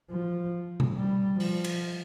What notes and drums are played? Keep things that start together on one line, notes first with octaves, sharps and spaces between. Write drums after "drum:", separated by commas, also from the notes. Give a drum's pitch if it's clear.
F3
drum: tom B2
G3
F3, drum: open hi-hat
drum: cymbal